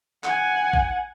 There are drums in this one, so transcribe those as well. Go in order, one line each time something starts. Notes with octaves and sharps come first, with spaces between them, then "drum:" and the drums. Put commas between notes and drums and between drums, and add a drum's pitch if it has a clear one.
F#5 G#5, drum: clap
drum: kick A#1